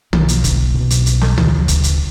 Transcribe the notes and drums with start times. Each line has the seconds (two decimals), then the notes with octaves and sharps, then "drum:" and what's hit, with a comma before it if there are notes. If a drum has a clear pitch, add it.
0.13 B1 B2 A#3 C#4, drum: tom
0.28 drum: hi-hat
0.44 drum: kick, hi-hat
0.74 B1 B2
0.90 drum: hi-hat
1.06 drum: hi-hat
1.21 drum: snare
1.38 D2 C#3, drum: tom
1.68 drum: kick, hi-hat
1.84 drum: hi-hat